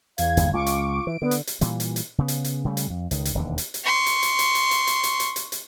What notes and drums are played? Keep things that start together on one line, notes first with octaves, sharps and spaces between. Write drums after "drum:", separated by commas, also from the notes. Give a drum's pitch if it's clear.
E2 F5 G#6, drum: hi-hat
G1 D#2, drum: hi-hat
C#2 F4 C#6 D6 D7
drum: hi-hat
E3 D7
D3 B3
drum: hi-hat
drum: hi-hat
A#2 E3 G3, drum: hi-hat
drum: hi-hat
drum: hi-hat
C#3 B3
drum: hi-hat
drum: hi-hat
C#3 G3 A3
drum: hi-hat
F2
C#2 D#3, drum: hi-hat
drum: hi-hat
E1 D#2 D3
drum: hi-hat
drum: hi-hat
C6 C#6
drum: hi-hat
drum: hi-hat
drum: hi-hat
drum: hi-hat
drum: hi-hat
drum: hi-hat
drum: hi-hat
drum: hi-hat
drum: hi-hat
drum: hi-hat